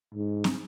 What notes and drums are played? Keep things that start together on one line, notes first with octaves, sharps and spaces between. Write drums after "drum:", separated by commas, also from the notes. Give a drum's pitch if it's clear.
G#2
drum: snare